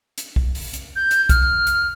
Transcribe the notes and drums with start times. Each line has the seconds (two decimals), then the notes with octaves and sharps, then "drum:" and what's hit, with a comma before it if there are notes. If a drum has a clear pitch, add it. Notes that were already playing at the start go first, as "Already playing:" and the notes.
0.18 drum: hi-hat
0.36 drum: kick
0.55 drum: open hi-hat
0.74 drum: hi-hat
0.96 G6
1.11 drum: hi-hat
1.29 F6, drum: kick, hi-hat
1.67 drum: hi-hat